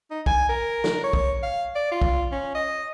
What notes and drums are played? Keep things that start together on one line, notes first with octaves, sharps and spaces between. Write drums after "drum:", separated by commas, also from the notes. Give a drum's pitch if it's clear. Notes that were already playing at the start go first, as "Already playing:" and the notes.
D#4
G#5, drum: kick
A#4
drum: snare
C#5
drum: kick
F5
D5
F4
drum: kick
C#4
D#5